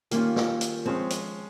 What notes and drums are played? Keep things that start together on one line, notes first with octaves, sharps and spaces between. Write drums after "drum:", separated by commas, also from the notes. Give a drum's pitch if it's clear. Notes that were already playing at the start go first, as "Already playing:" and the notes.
D#3 G3 A#3 C#4 F4, drum: hi-hat
drum: snare
drum: hi-hat
F3 G#3 C4 C#4
drum: hi-hat